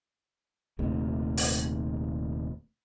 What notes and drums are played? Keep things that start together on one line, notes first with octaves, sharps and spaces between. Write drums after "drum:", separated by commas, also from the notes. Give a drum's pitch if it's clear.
D#1 D#2 C3 A3
drum: open hi-hat